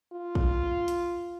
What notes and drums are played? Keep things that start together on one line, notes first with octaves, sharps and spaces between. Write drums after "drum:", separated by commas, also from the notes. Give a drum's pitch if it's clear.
F4
drum: kick
drum: hi-hat